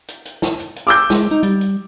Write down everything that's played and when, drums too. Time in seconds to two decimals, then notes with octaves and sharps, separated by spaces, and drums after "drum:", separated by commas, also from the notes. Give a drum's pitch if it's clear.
0.08 drum: hi-hat
0.25 drum: hi-hat
0.42 drum: snare
0.59 drum: hi-hat
0.76 drum: hi-hat
0.87 D6 E6 G6
1.10 G#3, drum: snare
1.31 D#4
1.43 G3, drum: hi-hat
1.61 drum: hi-hat